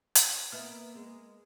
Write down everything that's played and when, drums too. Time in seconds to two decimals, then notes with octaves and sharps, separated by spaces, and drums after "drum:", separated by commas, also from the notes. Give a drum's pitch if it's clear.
0.15 drum: hi-hat
0.52 A#3 B3 E5 F6
0.95 G#3